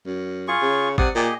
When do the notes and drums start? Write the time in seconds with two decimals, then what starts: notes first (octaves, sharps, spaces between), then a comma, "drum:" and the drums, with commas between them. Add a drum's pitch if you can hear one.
0.07 F#2
0.48 F4 G#4 C#6
0.62 C#3
0.98 C3 D5 F#5 D#6, drum: kick G#1
1.15 A#2 G4 G#4 D#5